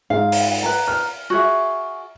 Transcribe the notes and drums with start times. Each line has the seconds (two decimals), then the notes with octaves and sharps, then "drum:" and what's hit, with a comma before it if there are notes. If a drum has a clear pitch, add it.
0.10 G#2 F5
0.32 drum: open hi-hat
0.63 B4 A#5
0.88 F6
1.30 F#4 G#4 E5